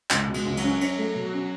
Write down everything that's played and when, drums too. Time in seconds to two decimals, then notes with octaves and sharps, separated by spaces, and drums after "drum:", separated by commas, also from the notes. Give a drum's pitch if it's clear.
0.11 C#2, drum: clap
0.28 B2
0.34 G#3, drum: cymbal
0.46 C#2
0.57 F#3, drum: cymbal
0.63 C#4
0.81 C#4, drum: cymbal
0.98 A3
1.15 B2
1.33 C#4